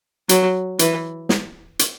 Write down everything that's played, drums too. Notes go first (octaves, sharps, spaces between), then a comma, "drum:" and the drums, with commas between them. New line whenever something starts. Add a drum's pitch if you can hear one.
F#3, drum: hi-hat
E3, drum: hi-hat
drum: snare
drum: hi-hat